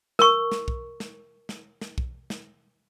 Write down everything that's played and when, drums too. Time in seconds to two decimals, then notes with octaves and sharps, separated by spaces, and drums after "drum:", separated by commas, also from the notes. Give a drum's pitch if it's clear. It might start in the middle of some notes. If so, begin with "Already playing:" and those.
0.19 A#4 C#6, drum: snare
0.52 drum: snare
0.68 drum: kick B1
1.00 drum: snare
1.49 drum: snare
1.81 drum: snare
1.98 drum: kick B1
2.30 drum: snare